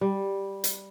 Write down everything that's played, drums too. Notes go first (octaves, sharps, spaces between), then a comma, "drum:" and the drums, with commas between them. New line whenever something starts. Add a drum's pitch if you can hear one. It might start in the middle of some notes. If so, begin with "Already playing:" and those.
G3
drum: hi-hat